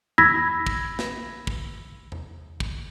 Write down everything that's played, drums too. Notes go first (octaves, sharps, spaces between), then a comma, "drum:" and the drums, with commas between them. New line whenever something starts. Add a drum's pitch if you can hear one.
B5 E6 G#6 A#6 B6, drum: tom E2
drum: kick
drum: snare
drum: kick
drum: tom E2
drum: kick